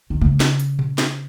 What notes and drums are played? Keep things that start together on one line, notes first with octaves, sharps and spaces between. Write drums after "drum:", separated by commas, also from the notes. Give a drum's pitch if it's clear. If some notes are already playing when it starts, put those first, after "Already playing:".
D#3
C#3, drum: tom
drum: snare
drum: hi-hat
drum: tom A#2
drum: snare